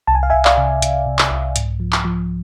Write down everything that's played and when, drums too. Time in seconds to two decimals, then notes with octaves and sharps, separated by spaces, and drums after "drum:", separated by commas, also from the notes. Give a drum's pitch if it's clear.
0.07 C2 A5
0.15 G#5
0.23 F5
0.30 E5 G#5
0.33 C2
0.45 D5 F5, drum: clap
0.58 C3
0.82 C3, drum: hi-hat
1.06 C3
1.19 drum: clap
1.31 C2
1.56 G#2, drum: hi-hat
1.80 F3
1.93 drum: clap
2.05 F3